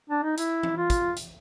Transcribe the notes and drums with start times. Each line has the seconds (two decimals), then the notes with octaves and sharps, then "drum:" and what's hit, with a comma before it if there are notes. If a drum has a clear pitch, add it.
0.10 D4
0.23 D#4
0.37 E4, drum: hi-hat
0.63 drum: tom E3
0.77 F4
0.90 drum: kick, hi-hat
1.16 drum: hi-hat